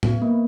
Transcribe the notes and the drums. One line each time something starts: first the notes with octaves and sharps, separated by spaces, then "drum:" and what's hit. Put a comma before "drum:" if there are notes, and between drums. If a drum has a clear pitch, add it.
B3, drum: tom
A#3